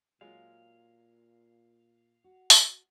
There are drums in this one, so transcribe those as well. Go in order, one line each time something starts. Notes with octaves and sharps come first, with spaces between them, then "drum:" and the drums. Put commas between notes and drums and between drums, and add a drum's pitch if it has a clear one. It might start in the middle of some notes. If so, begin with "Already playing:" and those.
A#2 F#3 G#3 F4 F5
F#4
drum: open hi-hat